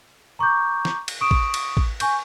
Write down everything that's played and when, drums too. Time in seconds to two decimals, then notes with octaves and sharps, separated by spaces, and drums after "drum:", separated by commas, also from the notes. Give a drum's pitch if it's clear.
0.39 A#5 C#6 D6 G6
0.85 drum: snare
1.08 drum: cymbal
1.21 C#6 D#6 D7 E7
1.31 drum: kick A1
1.54 drum: cymbal
1.77 drum: kick A1
2.00 G#5 C#6 G6, drum: cymbal